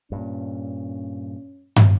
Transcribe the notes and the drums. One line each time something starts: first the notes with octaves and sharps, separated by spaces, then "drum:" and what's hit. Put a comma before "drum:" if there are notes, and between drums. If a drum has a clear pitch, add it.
G2 A#2 C#4
drum: tom